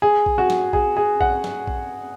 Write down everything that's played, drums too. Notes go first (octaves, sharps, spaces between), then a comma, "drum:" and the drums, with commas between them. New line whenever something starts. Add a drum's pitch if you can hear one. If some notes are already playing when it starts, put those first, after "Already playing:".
G#4
drum: kick A#1
F#4
drum: snare
G#4, drum: kick A#1
G#4
F#5, drum: kick A#1
drum: snare
drum: kick A#1